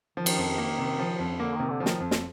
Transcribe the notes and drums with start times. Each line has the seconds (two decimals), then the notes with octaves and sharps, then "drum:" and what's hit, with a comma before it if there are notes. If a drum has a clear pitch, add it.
0.17 D#3 F3
0.26 drum: cymbal
0.38 F2
0.58 A#3
0.78 C3
0.99 F3
1.19 F2
1.39 D3 A#3
1.55 D#3
1.60 C3
1.70 D3
1.80 F3
1.86 D#3, drum: snare
2.00 F2
2.11 drum: snare